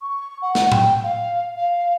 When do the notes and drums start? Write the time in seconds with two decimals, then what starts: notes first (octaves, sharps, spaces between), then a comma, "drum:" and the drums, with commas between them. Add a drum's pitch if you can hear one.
0.01 C#6
0.42 F#5
0.55 drum: snare
0.72 G5, drum: tom A2
1.04 F5
1.56 F5